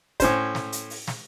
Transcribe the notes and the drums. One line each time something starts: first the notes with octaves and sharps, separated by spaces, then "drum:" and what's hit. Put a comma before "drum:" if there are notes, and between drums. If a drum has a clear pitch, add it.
A2 C#4 C5, drum: kick, hi-hat
drum: snare
drum: hi-hat
drum: open hi-hat
drum: snare